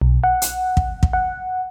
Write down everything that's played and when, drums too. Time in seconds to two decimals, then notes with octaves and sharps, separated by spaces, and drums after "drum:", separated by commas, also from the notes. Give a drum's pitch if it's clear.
0.02 B1
0.24 F#5
0.42 drum: hi-hat
0.77 drum: kick
1.03 drum: kick
1.13 F#5